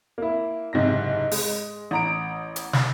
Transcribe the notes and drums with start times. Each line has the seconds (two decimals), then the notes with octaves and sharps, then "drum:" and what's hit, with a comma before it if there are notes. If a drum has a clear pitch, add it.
0.18 A#3 E4
0.73 F#1 G#2 C3 A#6
1.31 G#3, drum: open hi-hat
1.91 A1 A#5 D7
2.56 drum: hi-hat
2.73 drum: snare